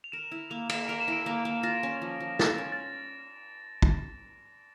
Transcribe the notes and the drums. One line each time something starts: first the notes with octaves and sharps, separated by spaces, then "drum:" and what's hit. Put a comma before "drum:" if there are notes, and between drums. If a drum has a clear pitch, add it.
F7
A#4 E7
E4
A#3 F7
A#3 E7, drum: cymbal
A#4 D7
E7
E4 D7
A#3
A#3
F4 A#6
C#4
F3
F3
F4 A6, drum: snare
C#4
A6
drum: kick